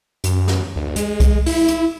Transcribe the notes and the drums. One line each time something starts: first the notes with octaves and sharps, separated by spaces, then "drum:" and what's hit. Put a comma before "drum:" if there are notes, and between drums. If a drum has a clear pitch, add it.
F#2, drum: hi-hat
drum: snare
D2
G#3, drum: hi-hat
drum: kick C2, hi-hat
E4, drum: open hi-hat
drum: hi-hat